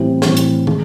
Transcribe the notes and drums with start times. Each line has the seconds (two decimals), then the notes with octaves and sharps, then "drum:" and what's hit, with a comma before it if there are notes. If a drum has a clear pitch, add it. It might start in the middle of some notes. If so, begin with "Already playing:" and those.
Already playing: A2 E3 G3 C4
0.22 A2 E3 G3 C4, drum: snare
0.37 drum: hi-hat
0.67 D#3 G#3, drum: tom